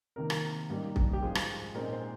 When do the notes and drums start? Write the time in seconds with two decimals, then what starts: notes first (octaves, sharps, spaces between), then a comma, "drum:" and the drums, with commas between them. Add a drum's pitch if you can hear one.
0.16 C3 D#3 A#3 A#4
0.30 drum: rim click
0.70 G#2 G3 A#3 D#4
0.96 drum: kick
1.13 G4
1.22 G#2 F3 G#3 G#4
1.35 drum: rim click
1.75 A#2 G#3 C4 D#4 A#4
1.92 C5